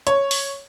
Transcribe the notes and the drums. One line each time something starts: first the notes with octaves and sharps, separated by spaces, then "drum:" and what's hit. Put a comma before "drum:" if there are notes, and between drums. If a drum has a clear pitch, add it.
C#5, drum: hi-hat
drum: open hi-hat